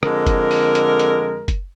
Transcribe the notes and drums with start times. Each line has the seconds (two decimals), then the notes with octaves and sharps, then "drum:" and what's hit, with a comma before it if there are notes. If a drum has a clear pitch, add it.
0.03 F2 D3 G#3 A#4, drum: rim click
0.26 drum: kick F#1, hi-hat
0.51 drum: open hi-hat
0.75 drum: hi-hat
0.99 drum: hi-hat
1.48 drum: kick F#1, hi-hat